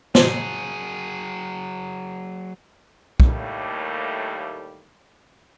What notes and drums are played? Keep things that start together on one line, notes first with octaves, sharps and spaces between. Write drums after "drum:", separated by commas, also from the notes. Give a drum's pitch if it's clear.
F#3 G#4, drum: snare
D#2 A2 G3 A3 A#3, drum: kick